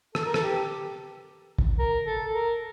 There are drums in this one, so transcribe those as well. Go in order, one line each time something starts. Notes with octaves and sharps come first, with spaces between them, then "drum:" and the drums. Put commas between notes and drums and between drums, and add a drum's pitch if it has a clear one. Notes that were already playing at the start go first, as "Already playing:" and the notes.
A4, drum: rim click
A#4
A4, drum: rim click
G4
drum: kick
A#4
A4
A#4